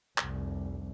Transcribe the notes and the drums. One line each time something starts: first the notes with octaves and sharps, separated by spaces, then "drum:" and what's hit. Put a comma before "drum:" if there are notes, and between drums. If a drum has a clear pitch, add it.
F1 C2, drum: clap